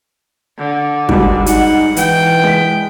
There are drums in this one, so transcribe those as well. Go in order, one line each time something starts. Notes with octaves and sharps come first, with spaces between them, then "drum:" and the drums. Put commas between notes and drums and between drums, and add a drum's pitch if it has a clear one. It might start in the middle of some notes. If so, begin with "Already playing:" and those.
D3
G#2 G3 G#3 F#4, drum: kick
D#4 F#5, drum: hi-hat
E3 G5, drum: hi-hat
G#3 B6